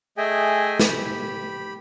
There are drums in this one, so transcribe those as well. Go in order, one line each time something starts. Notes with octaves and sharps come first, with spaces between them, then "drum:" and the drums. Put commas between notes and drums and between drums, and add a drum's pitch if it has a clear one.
A3 G#4 D#5 E5 G5 G#5
G4 B5, drum: snare